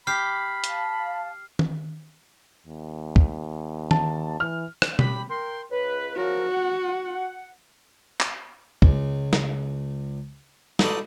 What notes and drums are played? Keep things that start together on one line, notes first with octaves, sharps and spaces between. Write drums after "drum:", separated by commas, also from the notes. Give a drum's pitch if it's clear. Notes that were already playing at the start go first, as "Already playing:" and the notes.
G4 B5 F6 C7
F5 A5, drum: hi-hat
drum: tom D#3
D#2
drum: kick
A5, drum: tom D#3
E3 F6
drum: rim click
G4 B5, drum: tom B2
A#4 G5 C6
C#2 B4
C#3 F3 F#4 A#4
F#5
drum: clap
C#2, drum: kick
drum: snare
D#4 F#4 A4 B4 D5 D#5, drum: snare